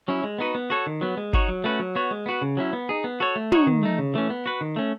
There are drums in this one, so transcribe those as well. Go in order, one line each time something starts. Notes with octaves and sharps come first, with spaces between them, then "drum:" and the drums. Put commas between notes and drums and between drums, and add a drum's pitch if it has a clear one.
F#3 C#4 E4
G#3
B3 D#4 F#4 B4
B3
F#4 A4 C#5
D#3
F#3 B3
G#3
D#4 F#4 C#5, drum: kick G1
F#3
A3 C#4 F#4 B4
F#3
B3 F#4 C#5
G#3
B3 F#4 B4
C#3
F#3 C#4 E4
B3
D#4 G#4
B3
F#4 A4 C#5
A3
D#4 F#4 C#5, drum: tom
D#3
A3 D#4
C#3
E3 A3 C#4
B3
F#4 B4
D#3
A3 C#4